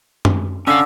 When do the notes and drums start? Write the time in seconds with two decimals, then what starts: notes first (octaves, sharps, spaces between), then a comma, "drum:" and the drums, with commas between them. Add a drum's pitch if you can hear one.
0.25 drum: tom F#2
0.67 D3 C#4 F5 E6